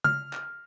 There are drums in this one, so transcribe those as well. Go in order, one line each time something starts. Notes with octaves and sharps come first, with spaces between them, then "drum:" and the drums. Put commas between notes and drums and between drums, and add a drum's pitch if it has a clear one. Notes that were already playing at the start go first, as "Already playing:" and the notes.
F6, drum: tom C#3
drum: clap